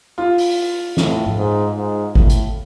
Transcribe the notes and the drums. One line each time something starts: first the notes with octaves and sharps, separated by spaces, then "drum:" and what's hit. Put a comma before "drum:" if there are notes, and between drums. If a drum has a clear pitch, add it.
F4
drum: open hi-hat
A2, drum: snare
drum: tom G#2
G#2
G#2
A2, drum: kick G#1
drum: hi-hat